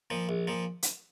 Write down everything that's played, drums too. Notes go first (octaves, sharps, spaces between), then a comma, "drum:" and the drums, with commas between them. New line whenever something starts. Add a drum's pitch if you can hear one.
A#2 F3
A#1
A#2 F3
drum: hi-hat